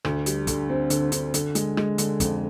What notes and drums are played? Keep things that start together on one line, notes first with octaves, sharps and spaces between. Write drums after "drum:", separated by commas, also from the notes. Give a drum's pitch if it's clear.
D2, drum: rim click
G3, drum: hi-hat
D3, drum: kick, hi-hat
C4
D3, drum: hi-hat
D3, drum: hi-hat
D3, drum: hi-hat
G#3, drum: hi-hat
G#3, drum: rim click
D3, drum: hi-hat
F2, drum: kick, hi-hat